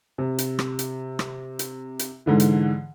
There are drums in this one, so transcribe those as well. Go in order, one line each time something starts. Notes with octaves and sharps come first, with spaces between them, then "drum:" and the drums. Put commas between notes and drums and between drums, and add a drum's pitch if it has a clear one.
C3
drum: hi-hat
drum: rim click
drum: hi-hat
drum: rim click
drum: hi-hat
drum: hi-hat
G#2 D3 E3
drum: hi-hat